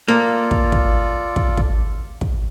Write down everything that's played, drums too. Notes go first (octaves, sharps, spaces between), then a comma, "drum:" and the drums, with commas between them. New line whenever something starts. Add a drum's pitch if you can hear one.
A#3 F4 A4 D5
drum: kick
drum: kick
drum: kick
drum: kick
drum: kick